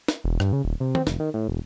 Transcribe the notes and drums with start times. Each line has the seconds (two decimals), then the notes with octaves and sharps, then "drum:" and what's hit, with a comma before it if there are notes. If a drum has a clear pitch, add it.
0.08 drum: snare
0.24 E1
0.40 G2, drum: rim click
0.53 C#3
0.64 D#1
0.80 C3
0.95 C4, drum: tom D#3
1.07 F1, drum: snare
1.20 D#3
1.34 A2
1.48 E1